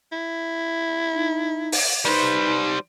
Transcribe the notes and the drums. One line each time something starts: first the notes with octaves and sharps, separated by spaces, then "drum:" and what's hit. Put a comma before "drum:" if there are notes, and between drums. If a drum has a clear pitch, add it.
E4
D#4
drum: open hi-hat
G3 D#4 B4 C5